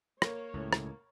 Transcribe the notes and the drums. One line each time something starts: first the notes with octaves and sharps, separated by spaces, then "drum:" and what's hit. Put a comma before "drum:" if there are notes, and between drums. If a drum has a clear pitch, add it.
A#3 C#5, drum: rim click
C#2 A2
drum: rim click